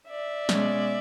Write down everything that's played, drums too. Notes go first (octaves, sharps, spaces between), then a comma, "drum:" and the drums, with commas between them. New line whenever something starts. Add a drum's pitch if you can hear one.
D5 E5
B2 G#3 C#4, drum: snare